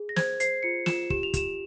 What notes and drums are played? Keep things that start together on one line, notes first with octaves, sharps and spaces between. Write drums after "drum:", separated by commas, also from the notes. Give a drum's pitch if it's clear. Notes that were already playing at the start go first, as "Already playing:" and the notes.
Already playing: G#4
A#6
C5 G#6, drum: snare
C5 C7, drum: hi-hat
F4 C#7
F4 E7, drum: snare
G4 E7, drum: kick
F7
G4 E7, drum: kick, hi-hat